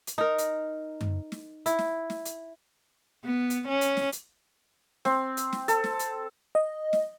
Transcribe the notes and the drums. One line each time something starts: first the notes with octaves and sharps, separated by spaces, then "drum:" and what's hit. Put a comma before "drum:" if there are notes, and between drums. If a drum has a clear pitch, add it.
drum: hi-hat
D#4 A#4
drum: hi-hat
drum: tom F#2
drum: snare
E4, drum: hi-hat
drum: snare
drum: snare
drum: hi-hat
B3
drum: hi-hat
C#4
drum: hi-hat
drum: snare
drum: hi-hat
C4, drum: snare
drum: hi-hat
drum: snare
A4, drum: hi-hat
drum: snare
drum: hi-hat
D#5
drum: snare